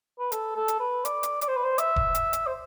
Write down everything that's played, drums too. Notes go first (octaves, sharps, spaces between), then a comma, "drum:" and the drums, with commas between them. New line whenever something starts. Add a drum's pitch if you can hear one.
B4
A4, drum: hi-hat
A4
drum: hi-hat
B4
D5, drum: hi-hat
drum: hi-hat
D5, drum: hi-hat
C5
B4
C5
E5, drum: hi-hat
drum: kick E1
drum: hi-hat
drum: hi-hat
C5